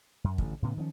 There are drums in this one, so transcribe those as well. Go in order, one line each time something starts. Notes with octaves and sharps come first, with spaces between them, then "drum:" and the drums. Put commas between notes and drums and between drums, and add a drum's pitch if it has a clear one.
F#2
A1 D3, drum: kick
A2 C#3 B3
D#3 F3 A#3 C#4